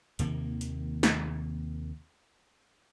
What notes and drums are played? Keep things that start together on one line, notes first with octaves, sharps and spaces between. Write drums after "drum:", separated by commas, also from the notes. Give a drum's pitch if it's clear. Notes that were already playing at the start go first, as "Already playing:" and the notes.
D#2 C3 D#3 A#3, drum: hi-hat
drum: hi-hat
drum: snare